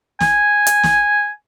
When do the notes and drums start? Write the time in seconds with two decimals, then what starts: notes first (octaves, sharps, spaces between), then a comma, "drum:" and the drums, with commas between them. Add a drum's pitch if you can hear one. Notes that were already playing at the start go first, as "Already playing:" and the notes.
0.20 G#5, drum: snare
0.67 drum: hi-hat
0.83 drum: snare